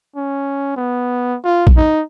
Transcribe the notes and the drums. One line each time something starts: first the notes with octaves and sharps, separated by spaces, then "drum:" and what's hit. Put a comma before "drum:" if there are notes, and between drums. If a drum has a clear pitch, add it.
C#4
B3
F4
drum: kick
D#4